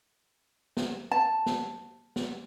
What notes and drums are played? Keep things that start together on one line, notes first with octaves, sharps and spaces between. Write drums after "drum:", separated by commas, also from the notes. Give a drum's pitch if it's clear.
drum: snare
A5
drum: snare
drum: snare